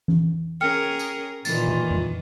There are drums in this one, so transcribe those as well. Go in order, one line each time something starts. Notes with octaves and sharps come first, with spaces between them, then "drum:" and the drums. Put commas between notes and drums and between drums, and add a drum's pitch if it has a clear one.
drum: tom E3
C#4 G#4 A#4 G5 F6 C#7
drum: tambourine
A#2 D#3 E3 A6, drum: tambourine
drum: tom
drum: tom F2